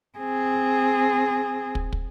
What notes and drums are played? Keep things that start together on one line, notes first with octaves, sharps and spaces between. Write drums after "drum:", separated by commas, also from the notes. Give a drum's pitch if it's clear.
C4 G#4
drum: kick
drum: kick